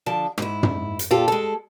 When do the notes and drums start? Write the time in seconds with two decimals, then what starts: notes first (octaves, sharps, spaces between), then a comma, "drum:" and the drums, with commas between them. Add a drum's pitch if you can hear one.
0.06 D3 F3 A5
0.38 G#2 E4, drum: rim click
0.63 drum: tom
0.99 drum: hi-hat
1.10 A#2 F4 G4 A4
1.28 G#3 A4